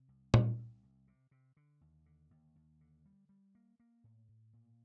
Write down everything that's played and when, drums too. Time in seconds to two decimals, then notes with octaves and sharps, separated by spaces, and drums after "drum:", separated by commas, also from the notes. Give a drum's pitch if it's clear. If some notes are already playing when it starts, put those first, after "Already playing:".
Already playing: C3
0.08 C2
0.34 C2, drum: tom A#2
0.57 C2
0.83 C2
1.07 C3
1.31 C3
1.57 D3
1.81 D#2
2.06 D3
2.31 D#2
2.56 D#2
2.81 D3
3.05 G3
3.29 G3
3.55 A#3
3.80 A#3
4.04 A2
4.28 A2
4.53 A#2